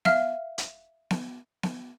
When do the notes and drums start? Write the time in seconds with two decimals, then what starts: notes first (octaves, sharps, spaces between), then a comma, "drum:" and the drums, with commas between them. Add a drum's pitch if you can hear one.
0.05 E5 F5 F6, drum: snare B3
0.58 drum: hi-hat
1.11 drum: snare B3
1.63 drum: snare B3